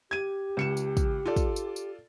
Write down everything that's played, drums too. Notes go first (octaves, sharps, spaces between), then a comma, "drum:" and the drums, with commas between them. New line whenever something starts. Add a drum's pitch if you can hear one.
G4 G#6 D#7
C#2 C#7 E7
drum: tambourine
drum: kick, tambourine
F4 A4 D5
drum: kick, tambourine
drum: tambourine
drum: tambourine